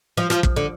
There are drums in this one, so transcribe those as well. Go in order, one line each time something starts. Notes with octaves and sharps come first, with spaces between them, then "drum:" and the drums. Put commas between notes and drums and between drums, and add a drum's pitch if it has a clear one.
F3
F3, drum: rim click
drum: kick
D3